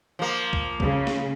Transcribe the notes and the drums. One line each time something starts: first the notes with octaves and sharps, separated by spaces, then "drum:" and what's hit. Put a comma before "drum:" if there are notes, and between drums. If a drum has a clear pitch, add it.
F3 A#3
drum: kick C2
C#3, drum: kick C2
drum: snare